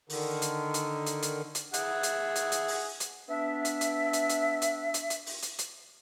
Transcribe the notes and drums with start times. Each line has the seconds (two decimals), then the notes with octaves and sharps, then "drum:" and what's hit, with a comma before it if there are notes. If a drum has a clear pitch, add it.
0.10 D3 D#3, drum: open hi-hat
0.42 drum: hi-hat
0.74 drum: hi-hat
1.06 drum: hi-hat
1.23 drum: hi-hat
1.55 drum: hi-hat
1.74 G#4 E5 F#5, drum: hi-hat
2.03 drum: hi-hat
2.36 drum: hi-hat
2.52 drum: hi-hat
2.68 drum: open hi-hat
3.00 drum: hi-hat
3.28 B3 D4 E5
3.65 drum: hi-hat
3.81 drum: hi-hat
4.13 drum: hi-hat
4.29 drum: hi-hat
4.62 drum: hi-hat
4.94 drum: hi-hat
5.10 drum: hi-hat
5.26 drum: open hi-hat
5.43 drum: hi-hat
5.59 drum: hi-hat